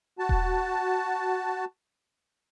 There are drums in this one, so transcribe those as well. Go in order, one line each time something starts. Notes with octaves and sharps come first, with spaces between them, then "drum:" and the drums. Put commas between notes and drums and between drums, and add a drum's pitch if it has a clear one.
F#4 A5
drum: kick D#1